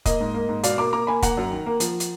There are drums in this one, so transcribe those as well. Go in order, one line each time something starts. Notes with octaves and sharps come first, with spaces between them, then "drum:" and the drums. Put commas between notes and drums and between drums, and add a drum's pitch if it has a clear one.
A#3 D#5, drum: kick, hi-hat
G#2
A#3
G#2
B2 D5 F5, drum: hi-hat
A#3 A#5 D6
A#3 A#5 D6
A#3 G#5 B5
A#3 F#5 A#5, drum: kick, hi-hat
F#2
D#3
A#3
F3, drum: hi-hat
drum: hi-hat